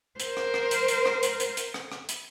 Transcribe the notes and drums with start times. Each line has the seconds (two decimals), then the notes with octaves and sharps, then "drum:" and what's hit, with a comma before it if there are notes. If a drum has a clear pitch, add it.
0.20 A#4 C5, drum: hi-hat
0.37 drum: rim click
0.54 drum: rim click
0.71 drum: hi-hat
0.88 drum: hi-hat
1.06 drum: rim click
1.23 drum: hi-hat
1.40 drum: hi-hat
1.57 drum: hi-hat
1.74 drum: rim click
1.92 drum: rim click
2.09 drum: hi-hat